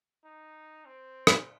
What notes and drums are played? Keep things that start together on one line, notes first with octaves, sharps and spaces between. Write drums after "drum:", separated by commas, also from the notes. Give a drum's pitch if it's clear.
D#4
C4
drum: rim click